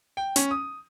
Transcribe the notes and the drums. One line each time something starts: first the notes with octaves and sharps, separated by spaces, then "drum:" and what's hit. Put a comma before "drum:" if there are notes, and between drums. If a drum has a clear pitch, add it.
G5
C#4, drum: hi-hat
D#6